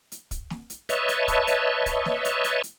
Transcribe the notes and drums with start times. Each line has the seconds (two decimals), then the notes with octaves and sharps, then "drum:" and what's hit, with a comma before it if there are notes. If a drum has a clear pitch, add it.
0.12 drum: hi-hat
0.31 drum: kick, hi-hat
0.50 drum: snare
0.70 drum: hi-hat
0.89 B4 C#5 D#5 E5 A5, drum: hi-hat
1.08 drum: hi-hat
1.28 drum: kick, hi-hat
1.47 drum: hi-hat
1.86 drum: kick, hi-hat
2.05 drum: snare
2.25 drum: hi-hat
2.44 drum: hi-hat
2.63 drum: hi-hat